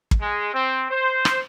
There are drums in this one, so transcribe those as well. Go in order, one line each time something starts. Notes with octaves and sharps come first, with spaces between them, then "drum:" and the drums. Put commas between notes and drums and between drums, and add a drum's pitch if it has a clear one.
drum: kick
G#3
C4
C5
drum: rim click